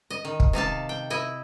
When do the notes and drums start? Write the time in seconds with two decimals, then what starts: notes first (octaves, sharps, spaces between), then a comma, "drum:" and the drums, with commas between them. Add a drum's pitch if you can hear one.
0.10 D#5
0.25 D#3
0.40 drum: kick
0.53 C3 D#4 F5 A5
0.89 G5
1.10 E4 D#5 E5